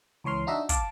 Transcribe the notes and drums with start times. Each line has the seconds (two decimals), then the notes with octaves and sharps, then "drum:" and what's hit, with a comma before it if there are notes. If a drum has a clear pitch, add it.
0.24 C#2 E3 C#5 C6 F6
0.47 D4 D#4 F#4 D#5 E5
0.69 F5 A5 D6, drum: kick, hi-hat